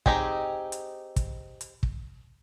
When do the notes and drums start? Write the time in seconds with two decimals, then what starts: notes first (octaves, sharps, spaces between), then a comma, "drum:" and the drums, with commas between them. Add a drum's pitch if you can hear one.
0.06 C4 D#4 G4 G#4, drum: kick
0.72 drum: hi-hat
1.16 drum: kick, hi-hat
1.61 drum: hi-hat
1.83 drum: kick